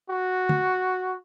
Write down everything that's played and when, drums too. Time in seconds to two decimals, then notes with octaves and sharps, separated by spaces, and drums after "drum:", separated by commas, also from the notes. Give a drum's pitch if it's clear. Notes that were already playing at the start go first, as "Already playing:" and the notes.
0.10 F#4
0.49 drum: tom